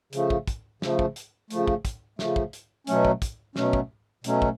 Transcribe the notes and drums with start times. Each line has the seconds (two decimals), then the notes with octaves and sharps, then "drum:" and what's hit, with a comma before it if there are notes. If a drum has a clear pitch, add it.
0.13 C#3 F3 A3, drum: hi-hat
0.30 drum: kick
0.47 drum: kick, hi-hat
0.82 C#3 F3 A3, drum: snare
0.99 drum: kick
1.16 drum: hi-hat
1.50 C#3 F3 A3, drum: hi-hat
1.68 drum: kick
1.85 drum: kick, hi-hat
2.19 C#3 F3 A3, drum: snare
2.36 drum: kick
2.53 drum: hi-hat
2.87 B2 F#3 A3 C#4, drum: hi-hat
3.05 drum: kick
3.22 drum: kick, hi-hat
3.56 B2 F#3 A3 C#4, drum: snare
3.73 drum: kick
4.24 B2 F#3 A3 C#4, drum: hi-hat
4.42 drum: kick